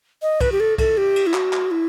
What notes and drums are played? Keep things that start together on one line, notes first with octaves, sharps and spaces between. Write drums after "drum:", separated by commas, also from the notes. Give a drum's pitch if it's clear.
D#5
B4, drum: kick, cymbal
G4
A4
A4, drum: kick, cymbal
G4
drum: cymbal
E4
F#4, drum: clap
drum: clap
E4